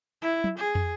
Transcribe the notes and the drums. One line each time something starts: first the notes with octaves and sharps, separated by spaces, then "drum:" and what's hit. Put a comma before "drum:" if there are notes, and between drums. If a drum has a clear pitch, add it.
E4
drum: tom
G#4
drum: tom